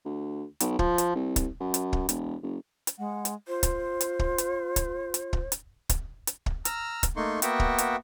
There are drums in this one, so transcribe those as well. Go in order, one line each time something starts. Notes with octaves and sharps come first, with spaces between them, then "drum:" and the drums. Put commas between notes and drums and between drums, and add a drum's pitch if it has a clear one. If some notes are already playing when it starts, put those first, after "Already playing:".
D2
B1, drum: hi-hat
F3, drum: kick
drum: hi-hat
C2
drum: kick, hi-hat
F#2
drum: hi-hat
drum: kick
E1, drum: hi-hat
F#1
drum: hi-hat
G#3 F#5
drum: hi-hat
F4 C5
drum: kick, hi-hat
drum: hi-hat
drum: kick
drum: hi-hat
drum: kick, hi-hat
drum: hi-hat
drum: kick
drum: hi-hat
drum: kick, hi-hat
drum: hi-hat
drum: kick
A#5 E6 F6, drum: hi-hat
drum: kick, hi-hat
A3 A#3 D#4 C6 C#6
A#3 B3 F#4 E5 F#5 G5, drum: hi-hat
drum: kick
drum: hi-hat